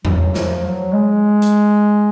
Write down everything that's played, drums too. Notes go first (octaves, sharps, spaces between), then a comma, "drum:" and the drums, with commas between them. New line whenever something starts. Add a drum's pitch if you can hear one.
F#3, drum: tom E2
F3, drum: snare
F#3
G#3
drum: hi-hat